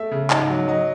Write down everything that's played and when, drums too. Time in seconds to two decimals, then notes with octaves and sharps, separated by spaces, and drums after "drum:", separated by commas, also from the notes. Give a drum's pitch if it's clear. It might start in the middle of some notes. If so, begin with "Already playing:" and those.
Already playing: A3 E5
0.11 C#3
0.30 G#2, drum: clap
0.50 F#3
0.68 F#3 D#5